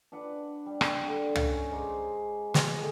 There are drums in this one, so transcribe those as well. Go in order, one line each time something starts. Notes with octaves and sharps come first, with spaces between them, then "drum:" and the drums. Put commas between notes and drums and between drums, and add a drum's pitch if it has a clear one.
D4 B4 F#5 D6
G3
drum: rim click
D3
C#4 F5, drum: tom
G#3 C5 A#5 D6
drum: snare
G#4 A4 E5 F#5